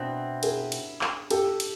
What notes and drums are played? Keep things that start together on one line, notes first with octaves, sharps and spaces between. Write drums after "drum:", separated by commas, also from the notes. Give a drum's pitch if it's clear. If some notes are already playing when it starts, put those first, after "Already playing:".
Already playing: B2 C4 D4 E4
G#4 A#4, drum: cymbal
drum: cymbal
drum: clap
G4 A4, drum: cymbal
drum: cymbal